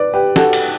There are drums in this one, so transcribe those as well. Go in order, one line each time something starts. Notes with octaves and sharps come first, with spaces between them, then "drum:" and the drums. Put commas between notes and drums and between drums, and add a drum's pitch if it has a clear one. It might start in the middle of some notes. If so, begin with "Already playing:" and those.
Already playing: B4 D5
G4 B4
F#4 A4, drum: snare
drum: cymbal